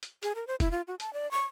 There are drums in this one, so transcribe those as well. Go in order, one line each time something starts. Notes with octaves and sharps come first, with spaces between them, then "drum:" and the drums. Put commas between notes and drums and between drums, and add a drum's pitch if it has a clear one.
drum: hi-hat
G#4, drum: hi-hat
A#4
C5
E4, drum: kick, hi-hat
F4
F#4
A5, drum: hi-hat
D5
C#6